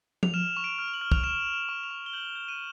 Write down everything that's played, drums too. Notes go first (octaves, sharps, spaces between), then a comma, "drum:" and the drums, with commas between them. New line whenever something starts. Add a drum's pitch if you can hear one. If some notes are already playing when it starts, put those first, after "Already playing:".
F7, drum: tom F3
F6 E7
C#6
D7
F6
F7
F#7
F6
F7, drum: kick
F6 E7
F6
E7
C#6
F7
C#6
G7
G6 F#7
G6
D#7